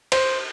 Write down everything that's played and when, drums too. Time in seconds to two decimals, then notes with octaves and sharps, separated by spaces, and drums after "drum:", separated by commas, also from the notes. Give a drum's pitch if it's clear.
0.12 C5, drum: cymbal